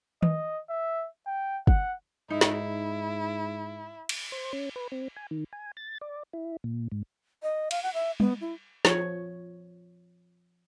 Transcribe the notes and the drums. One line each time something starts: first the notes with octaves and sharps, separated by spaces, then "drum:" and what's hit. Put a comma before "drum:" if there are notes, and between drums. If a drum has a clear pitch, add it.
D#5, drum: tom D#3
E5
G5
F#5, drum: kick
G#2 D#4 E4
drum: snare
drum: cymbal
C5
C#4
B4
C4
G#5
D#3
G#5
A6
D5
E4
A#2
G#2
D#5
F5, drum: cymbal
F#5
E5
B3, drum: tom G3
E4
F3 C#5, drum: snare